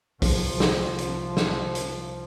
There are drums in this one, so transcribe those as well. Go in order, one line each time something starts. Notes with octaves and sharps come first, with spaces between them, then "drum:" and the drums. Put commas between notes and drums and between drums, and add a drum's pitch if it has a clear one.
C2 F3, drum: kick, open hi-hat
drum: snare
drum: hi-hat
drum: snare
drum: hi-hat